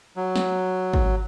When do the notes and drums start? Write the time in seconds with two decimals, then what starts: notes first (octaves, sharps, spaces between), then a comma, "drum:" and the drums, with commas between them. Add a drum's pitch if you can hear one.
0.16 F#3
0.36 drum: snare
0.93 drum: kick